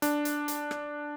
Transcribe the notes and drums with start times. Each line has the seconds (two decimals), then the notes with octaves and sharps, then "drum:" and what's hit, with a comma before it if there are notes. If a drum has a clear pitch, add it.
0.02 D4, drum: hi-hat
0.25 drum: hi-hat
0.48 drum: hi-hat
0.71 drum: rim click